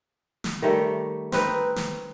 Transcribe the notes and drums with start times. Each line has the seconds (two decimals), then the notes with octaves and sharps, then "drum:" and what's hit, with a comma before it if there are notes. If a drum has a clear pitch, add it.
0.44 drum: snare
0.62 D#3 G3 A3 C#5
1.32 C4 D#4 B4, drum: snare
1.76 drum: snare